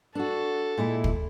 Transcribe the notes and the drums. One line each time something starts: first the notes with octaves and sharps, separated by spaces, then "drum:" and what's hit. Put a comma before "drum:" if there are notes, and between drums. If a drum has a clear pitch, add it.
D4 F#4 A4
A#2 G#3 E4
drum: kick